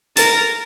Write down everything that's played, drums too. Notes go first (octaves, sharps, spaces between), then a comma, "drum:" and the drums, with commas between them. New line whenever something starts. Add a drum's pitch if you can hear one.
A#4 A6, drum: hi-hat